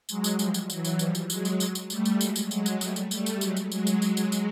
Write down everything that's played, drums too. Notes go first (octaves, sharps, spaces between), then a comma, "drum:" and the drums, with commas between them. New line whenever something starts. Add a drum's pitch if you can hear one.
F#3 G#3, drum: tambourine
drum: tambourine
F3 G3, drum: tambourine
drum: tambourine
E3 F#3, drum: tambourine
drum: tambourine
F3 G3, drum: tambourine
drum: tambourine
F#3 G#3, drum: tambourine
drum: tambourine
drum: tambourine
drum: tambourine
G3 A3, drum: tambourine
drum: tambourine
F#3 G#3, drum: tambourine
drum: tambourine
F#3 G#3, drum: tambourine
drum: tambourine
G3 A3, drum: tambourine
drum: tambourine
G3 A3, drum: tambourine
drum: tambourine
F#3 G#3, drum: tambourine
drum: tambourine
F#3 G#3, drum: tambourine
drum: tambourine
drum: tambourine
drum: tambourine
drum: tambourine